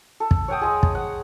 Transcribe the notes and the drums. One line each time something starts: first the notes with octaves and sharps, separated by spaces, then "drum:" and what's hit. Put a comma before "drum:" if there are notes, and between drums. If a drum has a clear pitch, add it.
A4
drum: kick
C#5 F#5 G5 D#6
G#3 G#4
drum: kick
F#5